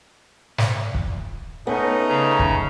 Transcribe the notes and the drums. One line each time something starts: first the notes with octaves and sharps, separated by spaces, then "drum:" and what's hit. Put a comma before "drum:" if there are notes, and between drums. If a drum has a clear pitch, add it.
drum: snare
drum: kick
A3 B3 C#4 D#4
C#3 A#5
drum: kick